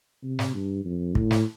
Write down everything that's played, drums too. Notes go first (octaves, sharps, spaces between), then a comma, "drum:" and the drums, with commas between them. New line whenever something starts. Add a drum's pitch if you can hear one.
C3
drum: snare
G2
F2
A2, drum: kick
drum: snare